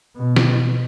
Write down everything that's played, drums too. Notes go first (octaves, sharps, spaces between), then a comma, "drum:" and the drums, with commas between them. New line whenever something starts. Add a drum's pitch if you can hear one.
B2
drum: snare